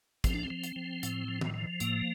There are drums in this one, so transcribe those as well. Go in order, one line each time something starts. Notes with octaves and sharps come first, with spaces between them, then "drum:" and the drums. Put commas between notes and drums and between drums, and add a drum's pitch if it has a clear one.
F3 C4, drum: kick, hi-hat
D4
C4
F3
drum: hi-hat
F3
A2, drum: hi-hat
F3
drum: tom D#3
F3
A2 A#3, drum: hi-hat